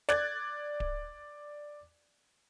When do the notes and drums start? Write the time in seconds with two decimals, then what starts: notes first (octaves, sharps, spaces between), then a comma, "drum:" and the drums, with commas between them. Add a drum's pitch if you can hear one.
0.09 D5 F#6 G#6 A6, drum: snare
0.80 drum: kick D1